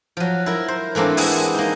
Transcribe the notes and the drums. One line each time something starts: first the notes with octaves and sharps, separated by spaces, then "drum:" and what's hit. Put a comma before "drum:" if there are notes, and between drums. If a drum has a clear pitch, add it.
F3 F#3
E4 A#4
C5
E3 A3 A#3 C4 D4
G#3 B3 C4 E4 G#4, drum: open hi-hat
A#3 D#4